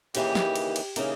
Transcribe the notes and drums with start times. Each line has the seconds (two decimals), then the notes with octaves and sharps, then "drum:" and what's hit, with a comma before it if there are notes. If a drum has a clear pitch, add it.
0.15 D#2 C#3 E3 A#3 D#4 G4, drum: cymbal
0.35 drum: snare
0.56 drum: cymbal
0.76 drum: cymbal
0.96 C#3 E3 A#3 D#4, drum: cymbal